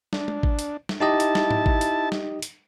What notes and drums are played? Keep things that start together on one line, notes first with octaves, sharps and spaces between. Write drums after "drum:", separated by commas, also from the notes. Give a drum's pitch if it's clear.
D4, drum: snare
drum: tom
drum: kick G#1
drum: hi-hat
drum: snare
D#4 E4 G4 D#5 A5
drum: hi-hat
drum: snare
drum: tom G#2
drum: kick G#1
drum: hi-hat
drum: snare
drum: hi-hat